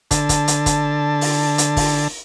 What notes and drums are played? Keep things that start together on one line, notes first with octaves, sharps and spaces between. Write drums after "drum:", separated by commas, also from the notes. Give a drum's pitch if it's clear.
D3 A5, drum: kick, hi-hat
drum: kick, hi-hat
drum: hi-hat
drum: kick, hi-hat
drum: open hi-hat
drum: hi-hat
drum: kick, open hi-hat